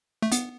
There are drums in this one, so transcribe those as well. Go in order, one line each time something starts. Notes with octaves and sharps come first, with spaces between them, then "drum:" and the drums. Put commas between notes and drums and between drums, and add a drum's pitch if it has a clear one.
A3
B3, drum: hi-hat